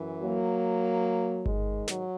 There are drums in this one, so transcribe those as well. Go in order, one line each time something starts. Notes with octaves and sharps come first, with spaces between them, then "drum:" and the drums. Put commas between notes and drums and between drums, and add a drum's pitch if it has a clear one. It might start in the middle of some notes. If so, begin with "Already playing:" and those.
Already playing: F#2 E3
F#3 A#3
G#2 D#3 G#3, drum: kick G1
F#3, drum: snare